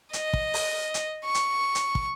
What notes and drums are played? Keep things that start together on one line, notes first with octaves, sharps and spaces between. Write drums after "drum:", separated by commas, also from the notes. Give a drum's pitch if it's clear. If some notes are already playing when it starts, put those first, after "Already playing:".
D#5, drum: hi-hat
drum: kick
drum: open hi-hat
drum: hi-hat
C#6
drum: hi-hat
drum: hi-hat
drum: kick